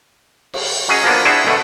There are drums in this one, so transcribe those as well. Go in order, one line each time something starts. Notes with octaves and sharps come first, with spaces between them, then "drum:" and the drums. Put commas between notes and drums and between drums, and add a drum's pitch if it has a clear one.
drum: cymbal
F#3 C#4 G#4 D#5
F3 A#3 B3 D4
D4 E4 F#4 G#4 C5
D2 B2 A3 F#5